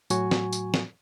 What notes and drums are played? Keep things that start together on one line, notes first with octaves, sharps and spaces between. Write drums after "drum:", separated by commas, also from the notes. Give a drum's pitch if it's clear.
A2 F#3 F#4 G#5 C#6, drum: tambourine
drum: snare
drum: tambourine
drum: snare